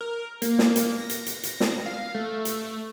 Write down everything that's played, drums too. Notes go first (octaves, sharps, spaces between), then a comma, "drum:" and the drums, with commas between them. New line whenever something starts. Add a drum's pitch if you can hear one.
A#4
A#3, drum: hi-hat
drum: snare
drum: hi-hat
A#6
drum: hi-hat
drum: hi-hat
drum: hi-hat
drum: snare
F5
A3
drum: hi-hat